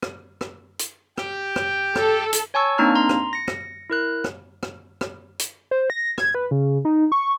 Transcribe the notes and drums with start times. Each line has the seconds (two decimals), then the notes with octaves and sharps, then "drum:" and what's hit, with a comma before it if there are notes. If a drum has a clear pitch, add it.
0.03 drum: rim click
0.41 drum: rim click
0.79 drum: hi-hat
1.18 G4 G5, drum: rim click
1.56 drum: rim click
1.95 A4, drum: rim click
2.33 drum: hi-hat
2.54 C#5 G#5 A5 C#6 E6
2.78 A#3 C4 D4 D#4 A#5 F6
2.95 A#5 C6
3.09 drum: rim click
3.33 A#6 C#7
3.48 drum: rim click
3.90 E4 A#4 F#6
4.24 drum: rim click
4.63 drum: rim click
5.01 drum: rim click
5.39 drum: hi-hat
5.71 C5
5.90 A#6
6.18 G#6, drum: rim click
6.35 B4
6.51 C#3
6.85 D#4
7.12 C#6